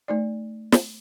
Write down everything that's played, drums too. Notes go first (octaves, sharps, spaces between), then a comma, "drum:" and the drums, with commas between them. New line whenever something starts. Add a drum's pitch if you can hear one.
A3 D#4 D5
drum: snare